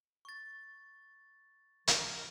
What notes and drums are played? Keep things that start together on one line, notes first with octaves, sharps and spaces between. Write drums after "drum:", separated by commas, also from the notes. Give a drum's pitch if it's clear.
C#6 A6
F3 A#4, drum: hi-hat